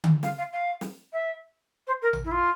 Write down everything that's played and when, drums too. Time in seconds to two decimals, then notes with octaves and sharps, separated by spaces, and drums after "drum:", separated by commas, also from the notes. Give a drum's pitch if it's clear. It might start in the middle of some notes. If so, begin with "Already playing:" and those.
0.04 drum: tom D3
0.23 F5, drum: snare
0.38 F5
0.52 F5
0.81 drum: snare
1.12 E5
1.87 C5
2.01 A#4
2.13 drum: tom A1
2.24 E4
2.31 F4